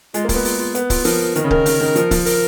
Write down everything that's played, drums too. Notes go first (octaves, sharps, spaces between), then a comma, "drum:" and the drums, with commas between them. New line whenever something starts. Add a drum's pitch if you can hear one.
G#3 F4, drum: hi-hat
A#3
F4, drum: kick C#1, open hi-hat
B3
F4, drum: open hi-hat
F4
B3, drum: hi-hat
F4, drum: kick C#1, open hi-hat
F3 A#4, drum: open hi-hat
D#3 A#4, drum: hi-hat
C#3
D#3 A#4, drum: kick C#1
D#3, drum: open hi-hat
D#3
F3, drum: hi-hat
F3, drum: kick C#1, open hi-hat
A#4, drum: open hi-hat